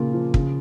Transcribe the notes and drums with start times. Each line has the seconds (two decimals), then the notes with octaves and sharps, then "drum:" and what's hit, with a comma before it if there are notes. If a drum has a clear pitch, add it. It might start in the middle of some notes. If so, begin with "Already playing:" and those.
Already playing: A#2 C#3 A#3 F4
0.14 F3
0.34 C#3, drum: kick